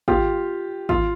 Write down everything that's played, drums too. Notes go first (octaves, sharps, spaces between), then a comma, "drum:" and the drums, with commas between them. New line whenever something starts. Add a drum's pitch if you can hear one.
F4 G4, drum: kick G#1
F4, drum: kick G#1